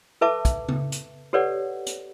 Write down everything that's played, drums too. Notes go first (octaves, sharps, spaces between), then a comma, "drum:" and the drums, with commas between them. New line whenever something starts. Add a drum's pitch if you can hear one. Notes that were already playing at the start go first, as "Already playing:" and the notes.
A4 B4 E5 A5 D6
drum: kick, hi-hat
drum: tom C#3
drum: hi-hat
G4 A4 B4 C#5 D5 F#5
drum: hi-hat